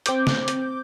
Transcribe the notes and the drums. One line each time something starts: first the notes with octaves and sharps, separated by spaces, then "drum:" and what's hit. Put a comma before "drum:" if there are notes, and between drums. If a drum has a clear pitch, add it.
C4 D6 G6, drum: hi-hat
drum: snare
drum: hi-hat